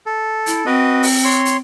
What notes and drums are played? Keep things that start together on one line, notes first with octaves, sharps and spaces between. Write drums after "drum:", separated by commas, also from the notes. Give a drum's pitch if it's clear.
A4
E4, drum: hi-hat
C4 F#4 B4 D#5
drum: open hi-hat
C#5 C6
drum: hi-hat